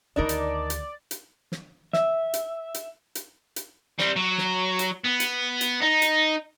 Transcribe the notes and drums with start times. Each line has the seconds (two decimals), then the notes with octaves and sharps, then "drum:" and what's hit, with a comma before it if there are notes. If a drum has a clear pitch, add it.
0.16 D2 D#3 D4 D#4 A#4 D5
0.29 drum: hi-hat
0.70 drum: hi-hat
1.11 drum: hi-hat
1.52 drum: snare
1.93 E5, drum: snare
2.34 drum: hi-hat
2.74 drum: hi-hat
3.15 drum: hi-hat
3.56 drum: hi-hat
3.99 G3 C4, drum: snare
4.16 F#3
4.38 drum: snare
4.79 drum: hi-hat
5.04 B3
5.20 drum: hi-hat
5.61 drum: hi-hat
5.81 D#4
6.02 drum: hi-hat